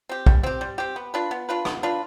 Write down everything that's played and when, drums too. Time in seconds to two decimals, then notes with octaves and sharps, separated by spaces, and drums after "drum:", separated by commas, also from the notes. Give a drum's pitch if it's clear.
0.09 C4 G4
0.26 G3, drum: kick
0.43 C4 G4
0.61 G3
0.78 C4 G4
0.96 B3
1.14 D4 F4 B4
1.31 B3
1.49 D4 F4 B4
1.65 B3, drum: rim click
1.83 D4 F4 B4